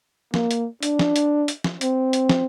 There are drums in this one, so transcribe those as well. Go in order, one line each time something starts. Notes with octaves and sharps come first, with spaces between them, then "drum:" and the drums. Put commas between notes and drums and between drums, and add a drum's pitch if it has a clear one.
A#3, drum: snare
drum: hi-hat
D4, drum: hi-hat
drum: snare
drum: hi-hat
drum: hi-hat
drum: snare
C4, drum: hi-hat
drum: hi-hat
drum: snare